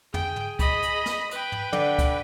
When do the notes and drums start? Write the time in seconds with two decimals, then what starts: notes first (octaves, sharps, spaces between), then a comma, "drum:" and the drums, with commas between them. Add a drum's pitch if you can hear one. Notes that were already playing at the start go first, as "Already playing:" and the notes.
0.14 G#4 G5, drum: tom
0.36 drum: tom
0.59 D#5 B5, drum: kick C#2, hi-hat
0.83 drum: hi-hat
1.06 drum: snare
1.31 B4 G5, drum: hi-hat
1.52 drum: tom
1.73 D3, drum: tom
1.99 drum: kick C#2, hi-hat